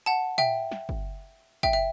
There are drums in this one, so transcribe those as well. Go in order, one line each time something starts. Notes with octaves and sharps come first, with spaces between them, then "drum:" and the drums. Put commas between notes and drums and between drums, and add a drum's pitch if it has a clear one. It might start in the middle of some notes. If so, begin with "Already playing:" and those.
F#5 A5
E5 G5, drum: tom
drum: snare
drum: kick
E5 G5, drum: kick
E5